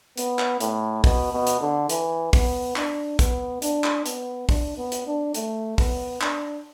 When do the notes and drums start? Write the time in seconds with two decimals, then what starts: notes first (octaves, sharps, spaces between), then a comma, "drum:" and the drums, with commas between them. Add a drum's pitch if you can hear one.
0.17 B3, drum: hi-hat
0.39 drum: clap
0.60 A2, drum: hi-hat
1.04 B2, drum: kick, open hi-hat
1.32 B2
1.47 drum: hi-hat
1.61 D3
1.89 E3, drum: hi-hat
2.33 B3, drum: kick, open hi-hat
2.76 D4, drum: clap
3.19 B3, drum: kick, hi-hat
3.62 D4, drum: hi-hat
3.84 drum: clap
4.06 B3, drum: hi-hat
4.49 D4, drum: kick, open hi-hat
4.77 B3
4.92 drum: hi-hat
5.07 D4
5.34 A3, drum: hi-hat
5.78 B3, drum: kick, open hi-hat
6.21 D4, drum: clap